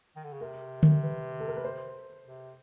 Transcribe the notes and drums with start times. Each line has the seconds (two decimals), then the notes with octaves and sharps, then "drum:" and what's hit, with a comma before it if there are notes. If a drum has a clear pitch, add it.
0.16 D#3
0.24 D3
0.33 C#3
0.41 C3 A#4
0.83 drum: tom D3
1.03 B4
1.40 A4
1.48 A#4
1.56 B4
1.64 C5
2.25 C3